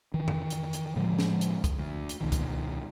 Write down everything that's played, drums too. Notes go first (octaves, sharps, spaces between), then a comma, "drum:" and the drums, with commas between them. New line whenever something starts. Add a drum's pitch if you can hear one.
D#3 E3
drum: tom F2
drum: hi-hat
drum: hi-hat
A2 D3 F3 G#3
drum: snare
drum: hi-hat
drum: kick, hi-hat
D2
drum: hi-hat
C#2 B2 D#3
drum: kick, hi-hat